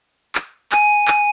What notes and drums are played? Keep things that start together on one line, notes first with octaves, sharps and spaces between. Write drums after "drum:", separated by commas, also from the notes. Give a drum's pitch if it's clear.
drum: clap
G#5, drum: clap
drum: clap